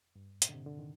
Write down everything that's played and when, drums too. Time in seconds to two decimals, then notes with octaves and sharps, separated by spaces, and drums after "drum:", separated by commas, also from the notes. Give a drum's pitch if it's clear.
0.16 G2
0.42 A#2, drum: hi-hat
0.49 D3
0.54 C3
0.66 D3
0.79 D#3